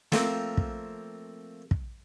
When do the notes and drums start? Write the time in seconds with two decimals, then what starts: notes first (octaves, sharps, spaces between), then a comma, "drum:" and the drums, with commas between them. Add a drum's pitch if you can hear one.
0.12 F3 A3 A#3 C4, drum: snare
0.57 drum: kick
1.71 drum: kick